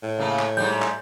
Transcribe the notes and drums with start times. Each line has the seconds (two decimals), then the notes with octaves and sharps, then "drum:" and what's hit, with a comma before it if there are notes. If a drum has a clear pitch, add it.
0.03 A2
0.18 C#3 A3 A#3
0.39 drum: clap
0.57 G#2 G3 G6
0.82 drum: clap